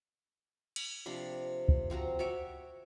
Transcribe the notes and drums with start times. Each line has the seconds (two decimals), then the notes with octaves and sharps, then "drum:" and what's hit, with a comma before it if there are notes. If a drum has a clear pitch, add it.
0.76 drum: cymbal
1.06 C3 F3 D4 B5
1.68 drum: kick C#2
1.90 F3 C4 F#4 A#5
2.19 F#4 C#5 E5 D6